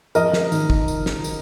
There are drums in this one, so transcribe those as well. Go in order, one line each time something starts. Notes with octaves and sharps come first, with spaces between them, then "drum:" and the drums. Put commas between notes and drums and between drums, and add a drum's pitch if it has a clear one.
F2 A#4 D#5, drum: tambourine
drum: snare
D#3, drum: tambourine
drum: kick
drum: tambourine
drum: snare
drum: tambourine